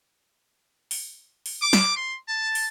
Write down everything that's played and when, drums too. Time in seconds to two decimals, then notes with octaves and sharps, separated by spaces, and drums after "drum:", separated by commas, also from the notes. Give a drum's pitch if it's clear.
0.91 drum: open hi-hat
1.46 drum: open hi-hat
1.61 D6
1.73 drum: snare
1.96 C6
2.28 A5
2.55 drum: open hi-hat